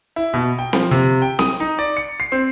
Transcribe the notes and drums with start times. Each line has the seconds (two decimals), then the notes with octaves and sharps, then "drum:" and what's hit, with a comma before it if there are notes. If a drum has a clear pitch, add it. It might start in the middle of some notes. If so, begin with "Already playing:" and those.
0.16 E4
0.34 B2
0.59 G5
0.73 F3, drum: snare C4
0.91 C3
1.22 G5
1.39 D#6, drum: snare C4
1.60 D#4
1.79 D5
1.97 C#7
2.20 C7
2.32 C4